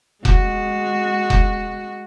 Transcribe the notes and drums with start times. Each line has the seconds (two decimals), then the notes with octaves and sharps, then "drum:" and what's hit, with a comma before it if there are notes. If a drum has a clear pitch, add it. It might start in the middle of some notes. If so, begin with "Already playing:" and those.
0.25 G#3 F#4, drum: kick F1
1.30 drum: kick F1